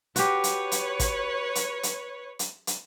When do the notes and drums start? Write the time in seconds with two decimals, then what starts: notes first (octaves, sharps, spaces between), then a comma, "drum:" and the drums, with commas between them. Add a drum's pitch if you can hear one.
0.16 F#4 G4 B4 C#5, drum: hi-hat
0.44 drum: hi-hat
0.72 drum: hi-hat
1.00 drum: kick, hi-hat
1.55 drum: hi-hat
1.83 drum: hi-hat
2.39 drum: hi-hat
2.67 drum: hi-hat